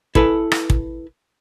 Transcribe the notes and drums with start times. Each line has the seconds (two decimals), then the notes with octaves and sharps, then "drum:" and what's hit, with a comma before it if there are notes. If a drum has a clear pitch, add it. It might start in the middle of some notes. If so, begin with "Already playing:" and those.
0.15 E4 A4 B4 G#5 A5, drum: kick
0.52 drum: rim click
0.70 drum: kick